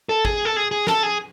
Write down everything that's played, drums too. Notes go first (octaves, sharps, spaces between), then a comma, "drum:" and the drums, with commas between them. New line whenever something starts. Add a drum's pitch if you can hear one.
A4
G#4, drum: kick
A4
G#4
G#4
A4, drum: snare
G#4